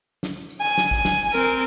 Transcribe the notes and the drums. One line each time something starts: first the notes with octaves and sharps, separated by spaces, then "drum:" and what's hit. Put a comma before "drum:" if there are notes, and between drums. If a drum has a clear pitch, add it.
drum: snare
drum: tambourine
G#5
drum: snare
drum: kick
drum: snare
C4 A#4, drum: tambourine